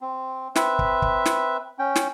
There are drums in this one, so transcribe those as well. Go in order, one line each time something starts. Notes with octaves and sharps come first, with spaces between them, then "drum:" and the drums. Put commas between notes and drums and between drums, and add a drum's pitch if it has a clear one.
C4
C4 B4 E5, drum: snare
drum: kick
drum: kick
drum: snare
C#4 G5
drum: snare